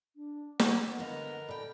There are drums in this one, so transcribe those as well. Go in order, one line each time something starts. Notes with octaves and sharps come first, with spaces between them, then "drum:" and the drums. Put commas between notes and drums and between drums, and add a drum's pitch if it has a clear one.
D4
F#4 F#5, drum: snare
D3 B3 A#4 D#5 F5
A#2 A4 D5 G5 B5